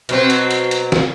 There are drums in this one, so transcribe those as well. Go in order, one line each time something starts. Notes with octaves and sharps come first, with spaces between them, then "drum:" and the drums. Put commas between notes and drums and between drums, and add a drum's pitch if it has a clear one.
B2 F#3 C4, drum: hi-hat
drum: hi-hat
drum: hi-hat
drum: hi-hat
drum: snare